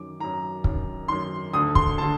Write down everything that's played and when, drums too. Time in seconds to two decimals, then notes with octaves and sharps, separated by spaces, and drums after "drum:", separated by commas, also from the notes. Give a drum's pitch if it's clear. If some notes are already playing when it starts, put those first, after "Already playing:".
Already playing: F#2 D#3 D6
0.20 F#2 D#3 A#5
0.64 F#2 D#3, drum: kick
1.08 F#2 D#3 C6
1.53 D2 D3 D#6
1.75 C6, drum: kick
1.98 D3 A5